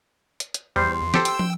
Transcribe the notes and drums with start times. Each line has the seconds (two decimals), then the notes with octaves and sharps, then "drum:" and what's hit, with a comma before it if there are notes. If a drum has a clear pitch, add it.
0.40 drum: hi-hat
0.54 drum: hi-hat
0.76 E2 G3 C5
0.93 C6
1.14 G4 A4 C5, drum: snare
1.25 G5 E6, drum: hi-hat
1.39 drum: tom